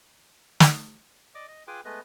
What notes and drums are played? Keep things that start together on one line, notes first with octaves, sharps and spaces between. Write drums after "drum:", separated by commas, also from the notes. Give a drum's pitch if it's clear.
drum: snare
D5 D#5 D6
D#5
F4 G#4 B4 G5 G#5 D6
G#3 A3 B3 B4 D#5